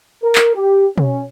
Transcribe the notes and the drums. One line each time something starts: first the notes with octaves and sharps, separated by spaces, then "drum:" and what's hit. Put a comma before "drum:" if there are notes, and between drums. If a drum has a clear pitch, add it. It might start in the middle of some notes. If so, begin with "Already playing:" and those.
A#4
drum: clap
G4
C#4, drum: tom B2